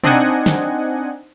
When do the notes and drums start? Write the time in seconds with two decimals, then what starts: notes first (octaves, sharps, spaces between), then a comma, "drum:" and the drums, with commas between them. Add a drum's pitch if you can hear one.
0.03 C4 D4 D#4 D#5 F#5 G#5, drum: tom B2
0.46 drum: snare